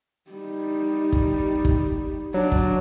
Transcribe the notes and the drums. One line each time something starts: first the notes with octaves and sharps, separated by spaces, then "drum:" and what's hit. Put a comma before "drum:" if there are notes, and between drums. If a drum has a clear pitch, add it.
G3 D#4
drum: kick
drum: kick
F#3 D4
drum: kick